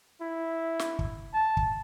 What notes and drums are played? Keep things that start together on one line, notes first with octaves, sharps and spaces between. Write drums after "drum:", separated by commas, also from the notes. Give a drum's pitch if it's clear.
E4
drum: snare
drum: kick
A5
drum: kick